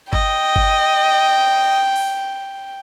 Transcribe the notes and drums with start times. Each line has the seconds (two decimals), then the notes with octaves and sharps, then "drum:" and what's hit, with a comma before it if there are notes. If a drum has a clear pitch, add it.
0.13 D#5 G5, drum: kick G1
0.56 drum: kick G1
1.96 drum: open hi-hat